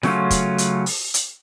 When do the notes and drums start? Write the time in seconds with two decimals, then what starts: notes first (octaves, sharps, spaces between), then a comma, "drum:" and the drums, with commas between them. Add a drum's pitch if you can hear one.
0.03 C#3 F#3 A3 C#4 F4, drum: snare F4
0.31 drum: kick, hi-hat
0.58 drum: hi-hat
0.86 drum: open hi-hat
1.14 drum: hi-hat